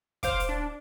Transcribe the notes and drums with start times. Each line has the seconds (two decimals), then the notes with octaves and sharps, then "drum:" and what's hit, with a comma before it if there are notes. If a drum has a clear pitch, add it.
0.23 C5 F5 D6, drum: kick, hi-hat
0.40 drum: hi-hat
0.49 D4